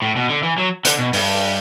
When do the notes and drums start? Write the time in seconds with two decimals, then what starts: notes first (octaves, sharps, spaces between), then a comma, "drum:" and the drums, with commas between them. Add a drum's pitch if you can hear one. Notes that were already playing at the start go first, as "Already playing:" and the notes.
0.02 A2
0.16 B2
0.29 D3
0.43 E3
0.58 F#3
0.85 D3, drum: hi-hat
0.99 B2
1.13 G2, drum: open hi-hat